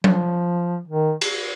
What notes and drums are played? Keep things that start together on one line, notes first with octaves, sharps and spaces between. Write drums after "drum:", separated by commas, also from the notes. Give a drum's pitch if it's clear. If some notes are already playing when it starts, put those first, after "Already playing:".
F3, drum: tom F#3
D#3
drum: cymbal